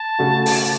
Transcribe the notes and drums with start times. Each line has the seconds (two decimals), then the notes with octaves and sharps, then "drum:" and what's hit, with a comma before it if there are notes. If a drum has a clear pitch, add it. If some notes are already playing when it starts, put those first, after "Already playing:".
Already playing: A5
0.19 C#3 A3 F#4
0.46 drum: open hi-hat